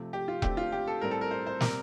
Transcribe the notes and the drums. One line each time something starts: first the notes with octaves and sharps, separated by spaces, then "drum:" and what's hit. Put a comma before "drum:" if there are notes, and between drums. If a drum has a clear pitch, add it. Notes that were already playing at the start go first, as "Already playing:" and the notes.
Already playing: C3 F3 A3
G4
F4
D3 A3 C4 G4, drum: kick E1
F4
G4
A4
A2 G3 C4 A#4
A4
A#4
C5
C5
C3 G3 C4 A#4, drum: snare